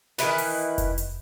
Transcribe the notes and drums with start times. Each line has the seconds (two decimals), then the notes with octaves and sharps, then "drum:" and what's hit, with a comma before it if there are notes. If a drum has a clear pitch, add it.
0.18 D#3 E3 E4 B4, drum: snare
0.38 drum: open hi-hat
0.78 drum: kick F1, hi-hat
0.98 drum: hi-hat